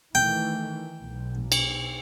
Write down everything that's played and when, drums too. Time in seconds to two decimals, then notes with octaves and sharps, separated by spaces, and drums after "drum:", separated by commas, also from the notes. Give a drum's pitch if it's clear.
0.15 D#3 E3 A3 G5
1.01 B1
1.52 drum: cymbal